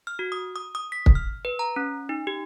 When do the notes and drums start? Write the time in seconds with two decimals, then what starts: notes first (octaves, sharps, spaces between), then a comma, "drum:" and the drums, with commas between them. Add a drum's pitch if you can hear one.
0.07 F6
0.19 F#4
0.32 D#6
0.56 D#6
0.75 D#6
0.92 B6
1.06 drum: kick
1.15 F6
1.45 B4
1.59 A#5
1.76 C#4
2.09 D#4
2.27 G4